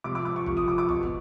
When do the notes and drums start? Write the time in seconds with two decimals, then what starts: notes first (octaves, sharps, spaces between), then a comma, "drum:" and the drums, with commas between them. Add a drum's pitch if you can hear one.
0.04 C3 F3 D6
0.15 D6
0.25 D6
0.36 C#6
0.46 C3 F3 C#6, drum: kick
0.57 D#6
0.68 D6
0.78 D6
0.89 B2 C#6, drum: kick
1.03 drum: kick